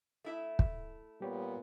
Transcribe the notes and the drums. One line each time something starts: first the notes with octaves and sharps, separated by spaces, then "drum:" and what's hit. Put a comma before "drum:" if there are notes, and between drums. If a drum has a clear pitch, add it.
A3 E4 E5
drum: kick
A#2 G3 B3 G4 C#5